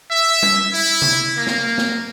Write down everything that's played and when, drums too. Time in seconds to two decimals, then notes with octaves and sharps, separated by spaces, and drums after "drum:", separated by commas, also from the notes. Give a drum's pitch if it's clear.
0.11 E5
0.43 drum: tom G3
0.72 E4
1.02 drum: tom C3
1.37 A#3
1.47 drum: snare
1.78 drum: snare